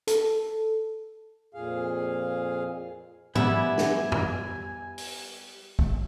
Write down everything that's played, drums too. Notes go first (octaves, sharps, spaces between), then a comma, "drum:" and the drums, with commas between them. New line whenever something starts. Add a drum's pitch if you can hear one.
A4, drum: hi-hat
F2 A#2 G#4 F5
G3 B3 E4 G#5, drum: tom G#2
drum: snare
drum: tom
drum: open hi-hat
drum: kick